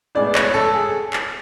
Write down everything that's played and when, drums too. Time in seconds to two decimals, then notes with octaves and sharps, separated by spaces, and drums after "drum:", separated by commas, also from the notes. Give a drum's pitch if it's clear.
0.15 A2 G#3 B3 D5
0.35 C#5, drum: clap
0.54 A4
0.74 G#4
1.13 drum: clap